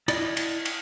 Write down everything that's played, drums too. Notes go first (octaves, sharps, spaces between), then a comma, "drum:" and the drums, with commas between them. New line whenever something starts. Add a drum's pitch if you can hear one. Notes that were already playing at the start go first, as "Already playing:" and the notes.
E4 D5 D#5, drum: cymbal
drum: cymbal
drum: cymbal